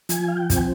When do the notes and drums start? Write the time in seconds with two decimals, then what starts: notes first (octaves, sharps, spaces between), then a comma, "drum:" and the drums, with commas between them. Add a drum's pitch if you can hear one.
0.09 F3 G#5, drum: hi-hat
0.28 F5
0.37 G5
0.50 C4, drum: kick, hi-hat
0.57 G#5